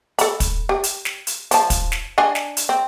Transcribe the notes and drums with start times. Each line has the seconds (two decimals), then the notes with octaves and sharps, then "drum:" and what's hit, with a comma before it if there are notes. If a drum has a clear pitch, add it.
0.19 A4 B5, drum: hi-hat
0.40 drum: kick, hi-hat
0.69 G4
0.83 drum: hi-hat
1.05 drum: snare
1.27 drum: hi-hat
1.51 F3 A5, drum: hi-hat
1.70 drum: kick, hi-hat
1.92 drum: snare
2.18 D4 D#5 G#5
2.35 drum: snare
2.57 drum: hi-hat
2.69 C4